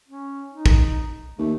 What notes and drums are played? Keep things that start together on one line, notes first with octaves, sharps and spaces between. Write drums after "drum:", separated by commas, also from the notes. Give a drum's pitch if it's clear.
C#4
D#4
drum: kick
D#2 A3